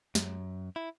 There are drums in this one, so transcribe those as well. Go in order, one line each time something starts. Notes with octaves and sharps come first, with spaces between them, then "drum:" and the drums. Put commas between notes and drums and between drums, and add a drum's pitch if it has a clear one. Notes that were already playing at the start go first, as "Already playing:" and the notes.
F#2, drum: snare
E4